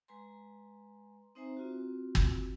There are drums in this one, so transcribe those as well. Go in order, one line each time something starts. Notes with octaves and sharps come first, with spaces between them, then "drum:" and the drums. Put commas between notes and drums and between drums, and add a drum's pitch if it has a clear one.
G#3 B4 G#5 A#5 C6
C4 D#4 C5 E5 G#5 A#5
C4 F4 F#4
drum: kick G1